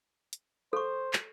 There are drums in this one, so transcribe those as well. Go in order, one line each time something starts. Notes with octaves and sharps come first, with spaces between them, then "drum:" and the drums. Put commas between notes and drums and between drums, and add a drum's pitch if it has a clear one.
drum: hi-hat
A4 C5 C#6
drum: clap